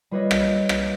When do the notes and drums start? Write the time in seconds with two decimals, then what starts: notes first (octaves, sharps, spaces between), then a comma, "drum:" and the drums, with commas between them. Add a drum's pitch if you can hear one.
0.11 G3 F4 B4 C#5 D#5
0.31 drum: rim click
0.69 drum: rim click